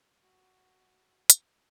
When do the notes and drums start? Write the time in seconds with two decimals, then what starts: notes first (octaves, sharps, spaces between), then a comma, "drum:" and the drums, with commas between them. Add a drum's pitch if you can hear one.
0.22 F#4
1.30 drum: hi-hat